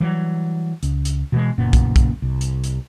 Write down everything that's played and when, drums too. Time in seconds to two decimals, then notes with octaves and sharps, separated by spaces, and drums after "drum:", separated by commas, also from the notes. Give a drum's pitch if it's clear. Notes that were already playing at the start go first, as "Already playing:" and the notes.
0.01 E3 F#3 G3
0.83 C#2, drum: hi-hat
1.05 drum: hi-hat
1.32 B2 E3 F3 G#3
1.58 F#1 A#2 B3
1.73 drum: kick, hi-hat
1.96 drum: kick, hi-hat
2.22 C2
2.41 drum: hi-hat
2.64 drum: hi-hat